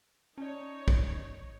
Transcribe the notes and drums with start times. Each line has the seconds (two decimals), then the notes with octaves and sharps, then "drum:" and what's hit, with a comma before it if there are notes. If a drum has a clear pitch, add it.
0.38 C#4 D#4 C#5 D5 A5
0.88 drum: kick